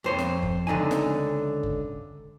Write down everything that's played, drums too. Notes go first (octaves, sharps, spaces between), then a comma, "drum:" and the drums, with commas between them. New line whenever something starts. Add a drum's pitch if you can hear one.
F2 C5 C#5
drum: snare
drum: kick F#1
C#2 D3 D#4 G#5
drum: snare
drum: kick F#1